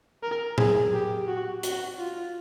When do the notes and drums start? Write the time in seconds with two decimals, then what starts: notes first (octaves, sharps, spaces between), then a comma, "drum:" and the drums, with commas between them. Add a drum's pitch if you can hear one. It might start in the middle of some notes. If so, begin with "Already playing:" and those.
0.23 A#4
0.58 G#4, drum: tom A2
0.93 G4
1.28 F#4
1.63 F#4, drum: hi-hat
1.98 F4